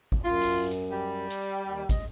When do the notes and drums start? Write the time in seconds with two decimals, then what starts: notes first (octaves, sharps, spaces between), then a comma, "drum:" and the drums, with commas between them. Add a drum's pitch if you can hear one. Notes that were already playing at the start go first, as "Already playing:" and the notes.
0.12 drum: kick
0.25 F#2 F4
0.42 drum: open hi-hat
0.71 drum: hi-hat
0.91 G3 G4
1.30 drum: hi-hat
1.65 D#2
1.89 D#5, drum: kick, hi-hat